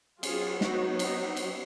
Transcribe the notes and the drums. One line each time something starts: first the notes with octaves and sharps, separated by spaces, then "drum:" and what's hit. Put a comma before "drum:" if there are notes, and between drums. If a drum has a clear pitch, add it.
F#3 B3 F4 G#4, drum: cymbal
D#4 F#4, drum: snare
D#4, drum: cymbal
drum: cymbal